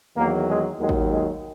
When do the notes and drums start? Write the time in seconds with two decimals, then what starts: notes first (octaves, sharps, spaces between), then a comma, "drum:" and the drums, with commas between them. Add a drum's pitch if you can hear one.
0.16 E2 D#3 F#3 A#3
0.47 G#3
0.79 D#2 D#3 F#3 G#3
0.89 drum: kick
1.11 G#3